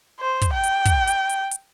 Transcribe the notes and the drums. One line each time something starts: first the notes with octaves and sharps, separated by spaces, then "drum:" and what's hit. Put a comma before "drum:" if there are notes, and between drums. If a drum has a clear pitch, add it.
C5
drum: kick, hi-hat
G5
drum: hi-hat
drum: kick, hi-hat
drum: hi-hat
drum: hi-hat
drum: hi-hat